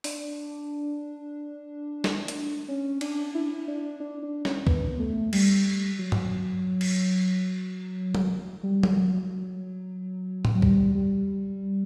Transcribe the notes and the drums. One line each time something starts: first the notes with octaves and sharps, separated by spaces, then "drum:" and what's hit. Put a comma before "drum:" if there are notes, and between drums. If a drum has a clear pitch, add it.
D4, drum: open hi-hat
drum: snare
drum: hi-hat
C#4
D4, drum: cymbal
E4
D4
D4
D4
C#4, drum: snare
B3, drum: kick C2
A3
G3, drum: cymbal
F#3
drum: tom G2
drum: cymbal
drum: tom F#3
G3
drum: tom F#3
F#3
drum: tom A2
F#3
G3, drum: kick C2
G3